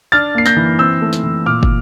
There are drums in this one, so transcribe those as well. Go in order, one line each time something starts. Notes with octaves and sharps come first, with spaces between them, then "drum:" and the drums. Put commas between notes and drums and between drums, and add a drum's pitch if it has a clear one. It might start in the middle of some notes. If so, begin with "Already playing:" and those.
D4 F6 A6
A#3 C7
G6 A#6, drum: snare
E3
C4 E6 G6
A3
drum: snare
E3
A#2 D6 F6
drum: kick